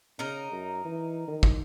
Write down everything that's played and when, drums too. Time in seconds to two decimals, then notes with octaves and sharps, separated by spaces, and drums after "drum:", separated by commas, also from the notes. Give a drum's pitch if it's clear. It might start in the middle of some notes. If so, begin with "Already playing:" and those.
0.19 C#3 D#4 A#4
0.52 F#2
0.85 E3
1.28 D#3
1.43 drum: kick